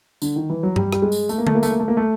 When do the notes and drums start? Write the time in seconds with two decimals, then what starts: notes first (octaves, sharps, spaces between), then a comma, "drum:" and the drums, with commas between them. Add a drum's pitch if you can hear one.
0.22 D3, drum: tambourine
0.36 D#3
0.50 E3
0.63 F#3
0.76 G3, drum: tom G2
0.92 G3, drum: rim click
1.02 G#3
1.12 drum: tambourine
1.29 A3, drum: tambourine
1.38 A#3
1.47 A3, drum: tom D3
1.55 A#3
1.63 A3, drum: tambourine
1.71 A#3
1.80 A3
1.88 A#3
1.97 A3